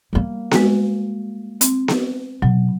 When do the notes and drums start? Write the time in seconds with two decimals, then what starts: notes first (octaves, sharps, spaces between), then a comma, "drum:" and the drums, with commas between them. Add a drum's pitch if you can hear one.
0.13 G3 A#3
0.51 G#3 F#4, drum: snare B3
1.61 C4, drum: hi-hat
1.88 drum: snare B3
2.42 B2 F#3